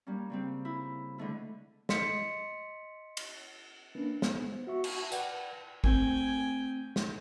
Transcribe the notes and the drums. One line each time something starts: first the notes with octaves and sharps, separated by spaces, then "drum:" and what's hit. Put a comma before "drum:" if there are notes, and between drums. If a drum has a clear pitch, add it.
G3 A#3 C#4
C#3 G3 C4
E4
D3 G#3 A3 E4
D#5 C6 B6 C#7, drum: snare
drum: cymbal
A#3 C#4 D4 B4
B3 C5, drum: snare
F#4 E5 C#6
drum: cymbal
B4 D5 F#5 G5, drum: tambourine
A3 C4 G5 G#5, drum: kick
drum: snare